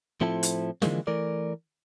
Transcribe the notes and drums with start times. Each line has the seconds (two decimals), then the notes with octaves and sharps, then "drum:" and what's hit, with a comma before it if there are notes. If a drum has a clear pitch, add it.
0.21 A2 F3 C4 E4 A4
0.43 drum: hi-hat
0.82 D3 E3 F3 G#3 A#3, drum: snare
1.07 E3 A3 A#4 D5